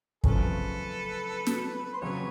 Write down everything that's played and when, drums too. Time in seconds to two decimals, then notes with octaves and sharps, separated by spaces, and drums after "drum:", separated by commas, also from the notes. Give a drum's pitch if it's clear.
0.24 F#2 C#3 F3 A3 C#4 A4 B4, drum: kick
1.47 drum: snare
1.85 B4
1.93 C5
2.01 F2 C#3 F#3 B4 C#5